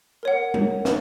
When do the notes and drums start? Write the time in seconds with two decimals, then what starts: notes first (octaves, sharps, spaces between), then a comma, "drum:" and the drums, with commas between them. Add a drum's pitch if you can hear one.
0.23 A#4 C#5 F#5
0.54 drum: tom G3
0.85 drum: snare